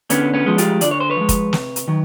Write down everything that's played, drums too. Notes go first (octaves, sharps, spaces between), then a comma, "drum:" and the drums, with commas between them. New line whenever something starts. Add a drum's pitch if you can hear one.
D3 B3 C#4, drum: hi-hat
B3 C#4
F3 G#3
F4 G4, drum: hi-hat
D3 D5, drum: hi-hat
C#5
C5
B4 C#5
F3 G#3
drum: kick, hi-hat
C3, drum: snare
drum: hi-hat
D#3 F#3